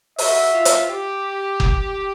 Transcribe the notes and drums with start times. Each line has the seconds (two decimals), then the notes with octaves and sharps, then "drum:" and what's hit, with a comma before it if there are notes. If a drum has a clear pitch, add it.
0.18 F#4 E5, drum: open hi-hat
0.53 F4
0.65 drum: hi-hat
0.88 G4
1.60 drum: kick F#1